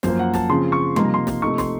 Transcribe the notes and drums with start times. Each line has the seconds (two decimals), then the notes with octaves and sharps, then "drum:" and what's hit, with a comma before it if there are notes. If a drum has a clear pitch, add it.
0.03 F#2 F3 A#3 C5, drum: snare
0.19 F#5
0.34 A5, drum: snare
0.50 C#3 F3 C4 C6
0.72 C#6
0.96 C3 F3 A#3 D#4 C6, drum: tom G3
1.05 A#5
1.14 C6
1.27 drum: snare
1.42 C3 F3 A3 D#4 C#6
1.58 C6, drum: snare